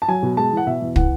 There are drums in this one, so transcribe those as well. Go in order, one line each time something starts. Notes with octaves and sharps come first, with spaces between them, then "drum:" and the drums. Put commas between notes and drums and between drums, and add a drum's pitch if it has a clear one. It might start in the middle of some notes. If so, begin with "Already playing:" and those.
A5
F#3 G#5
B2
G#3 A5
E3 F#5
B2 E5
E2
E3 F#5, drum: kick